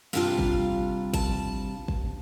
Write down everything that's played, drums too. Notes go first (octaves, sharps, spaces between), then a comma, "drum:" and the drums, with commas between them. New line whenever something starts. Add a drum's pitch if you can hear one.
C3 G3 D4 F4 F5
drum: kick
A5, drum: kick
drum: kick